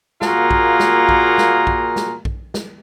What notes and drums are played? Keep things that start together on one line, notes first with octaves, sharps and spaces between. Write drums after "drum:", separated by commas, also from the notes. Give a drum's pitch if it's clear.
A#2 A#3 F4 F#4 G#4 A#5, drum: snare
drum: kick A#1
drum: snare
drum: kick A#1
drum: snare
drum: kick A#1
drum: snare
drum: kick A#1
drum: snare